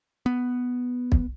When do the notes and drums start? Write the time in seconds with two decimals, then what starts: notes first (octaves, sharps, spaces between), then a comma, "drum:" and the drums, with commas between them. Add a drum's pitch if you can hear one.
0.26 B3
1.12 drum: kick